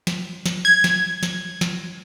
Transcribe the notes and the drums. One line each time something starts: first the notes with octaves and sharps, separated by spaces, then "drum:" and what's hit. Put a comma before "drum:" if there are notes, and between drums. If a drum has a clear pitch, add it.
drum: snare
drum: snare
G#6
drum: snare
drum: snare
drum: snare